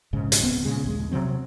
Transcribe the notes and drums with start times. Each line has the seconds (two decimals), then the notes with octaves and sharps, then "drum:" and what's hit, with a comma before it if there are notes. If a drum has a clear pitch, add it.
0.13 A#1 G#2 C#3
0.32 drum: hi-hat
0.41 D1 G2 B3 C4
0.65 A#2 C#3 G#3
0.84 A#1 D#2 G#3
1.11 C3 D#3 F#3 C4